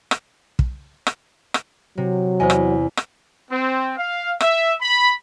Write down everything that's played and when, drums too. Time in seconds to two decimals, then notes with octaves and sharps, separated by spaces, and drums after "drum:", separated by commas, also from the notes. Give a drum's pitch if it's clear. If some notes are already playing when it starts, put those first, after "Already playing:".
0.11 drum: rim click
0.59 drum: kick
1.07 drum: rim click
1.54 drum: rim click
1.98 C3 F#3
2.40 E2 C5 D#5 G#5
2.50 drum: rim click
2.97 drum: rim click
3.51 C4
3.98 F5
4.41 E5, drum: rim click
4.81 B5